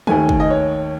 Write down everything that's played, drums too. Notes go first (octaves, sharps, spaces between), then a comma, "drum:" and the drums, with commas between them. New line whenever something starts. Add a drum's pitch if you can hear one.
D#2 D#3 A3 G#5, drum: tom D#3
drum: kick
D#5
C#5